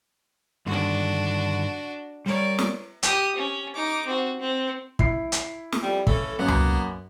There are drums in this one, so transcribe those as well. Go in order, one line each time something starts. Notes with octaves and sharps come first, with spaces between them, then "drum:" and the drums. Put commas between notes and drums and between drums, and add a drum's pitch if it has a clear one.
G2 D3 D#3 D4 F#4
G3 A#4 C#5 D5
drum: snare
G4 D#6, drum: hi-hat
C#4
D#4 D6
C4 F#4
C4
E4 C7, drum: kick
drum: hi-hat
drum: snare
F2 G3
C#3 E3 A4, drum: kick
F#2 A#3 B3
drum: tom C#2